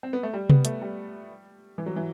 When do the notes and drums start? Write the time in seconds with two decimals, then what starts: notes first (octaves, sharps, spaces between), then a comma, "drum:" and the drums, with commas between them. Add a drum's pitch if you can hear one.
0.03 C4
0.13 B3
0.23 A3
0.33 G3
0.50 B3, drum: tom C3
0.65 A3, drum: hi-hat
0.82 G3
1.78 E3
1.86 F#3
1.96 E3